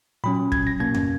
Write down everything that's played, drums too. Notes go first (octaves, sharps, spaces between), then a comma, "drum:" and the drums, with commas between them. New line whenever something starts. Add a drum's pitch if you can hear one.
A#2 F#3 C#4 B5
G#6, drum: kick
A#6
B2 A#3 C#4 G#6
drum: tom F2